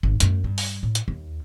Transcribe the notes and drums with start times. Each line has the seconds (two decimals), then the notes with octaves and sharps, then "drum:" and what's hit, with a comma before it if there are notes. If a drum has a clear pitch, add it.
0.03 G#1
0.20 F#2 A3, drum: hi-hat
0.44 G2
0.58 drum: open hi-hat
0.83 A2
0.95 drum: hi-hat
1.08 D#2